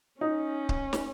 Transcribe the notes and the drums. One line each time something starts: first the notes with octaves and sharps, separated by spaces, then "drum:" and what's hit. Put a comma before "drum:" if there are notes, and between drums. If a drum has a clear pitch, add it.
C#4 D#4
drum: kick C#1
drum: snare